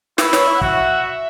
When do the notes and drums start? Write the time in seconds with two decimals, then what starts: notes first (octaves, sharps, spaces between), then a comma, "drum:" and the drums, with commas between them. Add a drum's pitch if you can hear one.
0.18 E4 B4, drum: snare
0.33 C#5, drum: snare
0.47 E5
0.55 F#5
0.61 F#4 E5, drum: kick